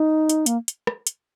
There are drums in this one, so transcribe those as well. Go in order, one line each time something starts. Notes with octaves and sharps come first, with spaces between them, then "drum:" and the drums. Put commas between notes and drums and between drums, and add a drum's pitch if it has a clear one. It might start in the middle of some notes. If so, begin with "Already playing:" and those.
Already playing: D#4
drum: hi-hat
A#3, drum: hi-hat
drum: hi-hat
drum: rim click
drum: hi-hat